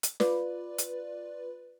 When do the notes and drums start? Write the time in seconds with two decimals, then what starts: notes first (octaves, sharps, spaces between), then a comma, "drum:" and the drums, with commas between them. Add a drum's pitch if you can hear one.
0.03 drum: hi-hat
0.20 F4 B4 D5, drum: snare
0.78 drum: hi-hat